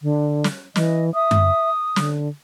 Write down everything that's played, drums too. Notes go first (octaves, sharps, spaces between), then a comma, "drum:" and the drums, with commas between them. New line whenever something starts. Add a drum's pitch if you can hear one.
D3
drum: snare
E3 D#5, drum: snare
E5 D#6
drum: tom F#2
D3, drum: snare